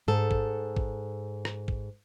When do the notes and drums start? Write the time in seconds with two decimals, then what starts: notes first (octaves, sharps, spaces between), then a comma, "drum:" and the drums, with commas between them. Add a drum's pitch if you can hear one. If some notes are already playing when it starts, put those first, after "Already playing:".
0.08 G#2 A4
0.31 drum: kick
0.76 drum: kick
1.45 drum: rim click
1.68 drum: kick